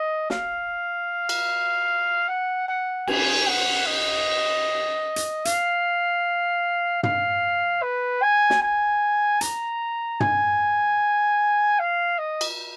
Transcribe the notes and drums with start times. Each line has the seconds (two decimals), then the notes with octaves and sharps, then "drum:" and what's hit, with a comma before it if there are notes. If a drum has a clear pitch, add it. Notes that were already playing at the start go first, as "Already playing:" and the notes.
Already playing: D#5
0.30 F5, drum: snare
1.29 drum: cymbal
2.28 F#5
2.68 F#5
3.07 G#5, drum: cymbal
3.47 F#5
3.86 D#5
5.16 drum: hi-hat
5.45 F5, drum: hi-hat
7.03 F5, drum: tom
7.82 B4
8.22 G#5
8.50 drum: snare
8.62 G#5
9.41 A#5, drum: hi-hat
10.20 G#5, drum: tom
11.79 F5
12.18 D#5
12.41 drum: cymbal